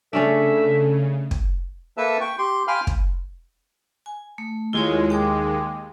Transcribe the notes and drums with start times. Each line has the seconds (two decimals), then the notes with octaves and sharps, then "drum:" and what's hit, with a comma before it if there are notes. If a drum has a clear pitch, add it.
0.13 C#3 A3 C#4 D4 A4 E5
1.31 drum: kick
1.97 A#3 A4 B4 E5 A5 E6
2.21 G5 C#6
2.39 G4 C6
2.68 F5 G5 G#5 B5 C6 F6
2.87 drum: kick
4.06 G#5
4.38 A3
4.73 D#2 G#3 E4 F4 C#5
5.10 G5 D6